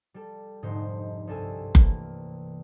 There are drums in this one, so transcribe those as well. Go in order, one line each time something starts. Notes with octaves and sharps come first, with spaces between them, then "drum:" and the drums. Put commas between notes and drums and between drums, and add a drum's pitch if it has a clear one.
G3 A4
F1 G#2 D3 D#4 C5
C2 G2 A4 G#5 E6
E3 A3 A#3, drum: kick F#1